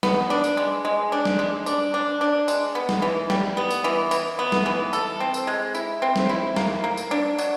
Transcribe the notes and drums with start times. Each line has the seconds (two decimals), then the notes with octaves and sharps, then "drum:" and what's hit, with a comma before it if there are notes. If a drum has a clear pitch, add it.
0.03 B3, drum: snare
0.30 D4
0.44 drum: tambourine
0.57 G#3
0.85 G#3
1.12 D4
1.25 drum: snare
1.39 G#3
1.66 D4, drum: tambourine
1.94 D4
2.21 D4
2.48 G#3, drum: tambourine
2.75 B3
2.89 drum: snare
3.02 E3
3.30 G3, drum: snare
3.57 B3
3.71 drum: tambourine
3.84 E3
4.11 E3, drum: tambourine
4.39 B3
4.52 drum: snare
4.66 E3
4.93 A4, drum: tambourine
5.20 C4
5.34 drum: tambourine
5.47 G#3
5.75 E4, drum: tambourine
6.02 C4
6.16 drum: snare
6.29 E4
6.56 A#3, drum: snare
6.84 A#3
6.97 drum: tambourine
7.11 D4
7.38 F#3, drum: tambourine